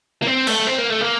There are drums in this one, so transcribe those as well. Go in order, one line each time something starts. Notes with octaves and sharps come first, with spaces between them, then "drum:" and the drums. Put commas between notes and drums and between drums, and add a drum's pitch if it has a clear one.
A#3
C4
A3, drum: cymbal
C4
A#3
A3
A#3